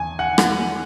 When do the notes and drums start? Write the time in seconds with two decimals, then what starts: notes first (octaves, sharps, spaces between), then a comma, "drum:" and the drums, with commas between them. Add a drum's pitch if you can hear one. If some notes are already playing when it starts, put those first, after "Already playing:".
Already playing: E2 G#5
0.19 F#5
0.38 drum: rim click